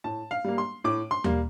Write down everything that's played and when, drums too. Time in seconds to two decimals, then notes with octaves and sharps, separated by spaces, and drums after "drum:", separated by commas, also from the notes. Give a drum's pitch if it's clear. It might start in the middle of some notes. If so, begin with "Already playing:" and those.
0.04 A2 A5
0.31 F5
0.44 G3 A#3
0.58 C6
0.84 A2 D6
1.11 C6
1.24 G3 A#3, drum: tom D#2